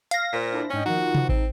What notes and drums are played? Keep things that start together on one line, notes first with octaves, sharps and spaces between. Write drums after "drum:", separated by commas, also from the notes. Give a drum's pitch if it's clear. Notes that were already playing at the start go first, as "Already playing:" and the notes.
F5 A#6, drum: hi-hat
A#2 C5 B6
D4 E4 A4
G#2 C#4 D4 D#5 G5
D#3 F3 A#3 D#4 F#4
drum: tom C3
C4, drum: kick A1